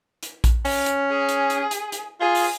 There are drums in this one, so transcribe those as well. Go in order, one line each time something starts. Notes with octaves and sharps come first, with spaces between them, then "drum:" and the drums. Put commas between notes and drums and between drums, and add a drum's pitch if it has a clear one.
drum: hi-hat
drum: kick A#1, hi-hat
C#4, drum: open hi-hat
drum: hi-hat
G#4
drum: hi-hat
drum: hi-hat
drum: hi-hat
drum: hi-hat
F4 G#4
drum: open hi-hat